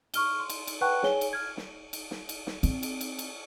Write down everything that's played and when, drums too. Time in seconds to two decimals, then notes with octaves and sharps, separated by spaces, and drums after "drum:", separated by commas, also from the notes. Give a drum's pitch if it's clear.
0.14 C#6 F6 G7, drum: cymbal
0.40 C6
0.50 drum: cymbal
0.67 drum: cymbal
0.81 B4 F#5 G5 A5 C#6 F#6
1.03 G#4 C#5 G#5 G7, drum: snare
1.21 drum: cymbal
1.33 F6 G#6
1.57 drum: snare
1.93 drum: cymbal
2.11 drum: snare
2.29 drum: cymbal
2.47 drum: snare
2.63 C4, drum: cymbal
2.83 drum: cymbal
3.01 drum: cymbal
3.19 drum: cymbal